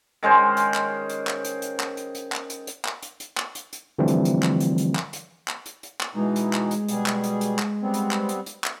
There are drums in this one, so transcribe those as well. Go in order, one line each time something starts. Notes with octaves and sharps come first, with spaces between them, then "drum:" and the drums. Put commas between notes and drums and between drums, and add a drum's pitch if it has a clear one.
D#3 G#3 C#4 C5
drum: hi-hat
drum: clap
drum: hi-hat
drum: clap
drum: hi-hat
drum: hi-hat
drum: clap
drum: hi-hat
drum: hi-hat
drum: clap
drum: hi-hat
drum: hi-hat
drum: clap
drum: hi-hat
drum: hi-hat
drum: clap
drum: hi-hat
drum: hi-hat
D3 E3 F3 G3 A3 C4
drum: hi-hat
drum: hi-hat
drum: clap
drum: hi-hat
drum: hi-hat
drum: clap
drum: hi-hat
drum: clap
drum: hi-hat
drum: hi-hat
drum: clap
B2 E3 G#3 D#4
drum: hi-hat
drum: clap
drum: hi-hat
B2 G3 G#4, drum: hi-hat
drum: clap
drum: hi-hat
drum: hi-hat
drum: clap
G3 B3 C4
drum: hi-hat
drum: clap
drum: hi-hat
drum: hi-hat
drum: clap